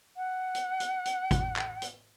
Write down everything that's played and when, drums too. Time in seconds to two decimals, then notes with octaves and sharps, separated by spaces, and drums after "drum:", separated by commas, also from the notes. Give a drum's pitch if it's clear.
0.16 F#5
0.55 drum: hi-hat
0.80 drum: hi-hat
1.05 drum: hi-hat
1.31 drum: kick, hi-hat
1.56 drum: clap
1.82 drum: hi-hat